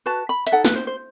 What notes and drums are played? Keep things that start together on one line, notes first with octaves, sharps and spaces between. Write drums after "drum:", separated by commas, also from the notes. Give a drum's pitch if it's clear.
F#4 B4 A5
B5
E5, drum: hi-hat
D#4 A4 F#5
B4, drum: snare
C5
C5